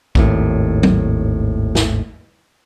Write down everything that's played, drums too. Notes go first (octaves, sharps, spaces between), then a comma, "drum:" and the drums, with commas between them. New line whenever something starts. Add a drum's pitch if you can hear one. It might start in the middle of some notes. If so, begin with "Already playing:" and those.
G#1 D#2 A2, drum: kick A#1
drum: tom
drum: snare